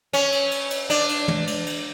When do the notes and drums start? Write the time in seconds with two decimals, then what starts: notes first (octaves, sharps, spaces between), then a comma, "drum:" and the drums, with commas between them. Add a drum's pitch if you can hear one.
0.13 C#4, drum: cymbal
0.32 drum: cymbal
0.51 drum: cymbal
0.70 drum: cymbal
0.90 D4, drum: cymbal
1.09 drum: cymbal
1.28 drum: tom
1.47 drum: cymbal
1.66 drum: cymbal